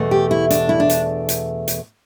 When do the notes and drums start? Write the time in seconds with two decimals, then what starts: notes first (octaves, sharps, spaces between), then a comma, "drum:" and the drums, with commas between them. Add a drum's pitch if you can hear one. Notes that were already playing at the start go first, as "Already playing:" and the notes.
Already playing: E2 B2 A3
0.11 G4
0.31 E4
0.50 D4, drum: hi-hat
0.69 E4
0.80 D4
0.90 drum: hi-hat
1.29 drum: hi-hat
1.68 drum: hi-hat